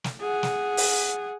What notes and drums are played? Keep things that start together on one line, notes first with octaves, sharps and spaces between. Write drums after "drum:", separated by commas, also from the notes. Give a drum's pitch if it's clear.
drum: snare
G#4 F#5
drum: snare
drum: open hi-hat